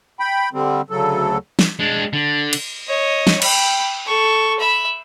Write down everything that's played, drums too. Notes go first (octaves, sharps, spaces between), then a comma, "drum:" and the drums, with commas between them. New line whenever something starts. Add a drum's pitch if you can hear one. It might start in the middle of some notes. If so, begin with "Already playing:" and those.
G5 B5
D3 G3 C4
D2 C#3 F#3 A4
drum: snare
G#3 D4
D3
drum: cymbal
C#5 D#5
drum: snare
G5 B5, drum: cymbal
A4 C#6
E5 B5